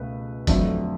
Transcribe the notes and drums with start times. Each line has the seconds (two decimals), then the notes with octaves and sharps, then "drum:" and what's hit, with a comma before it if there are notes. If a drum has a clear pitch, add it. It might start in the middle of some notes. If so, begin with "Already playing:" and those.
Already playing: C#2 B2 A3 B4
0.47 F2 D3 F#3 A3, drum: kick, hi-hat